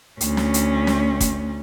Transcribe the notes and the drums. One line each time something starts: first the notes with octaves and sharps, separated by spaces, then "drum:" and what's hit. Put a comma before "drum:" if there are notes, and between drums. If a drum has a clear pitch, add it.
D2 C#4, drum: hi-hat
drum: snare
drum: hi-hat
drum: snare
drum: kick, hi-hat